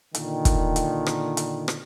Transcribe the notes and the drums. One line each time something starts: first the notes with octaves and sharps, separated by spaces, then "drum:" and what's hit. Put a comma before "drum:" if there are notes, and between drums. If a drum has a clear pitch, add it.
A#2 D3 D#3, drum: hi-hat
drum: kick, hi-hat
drum: hi-hat
drum: rim click
drum: hi-hat
drum: rim click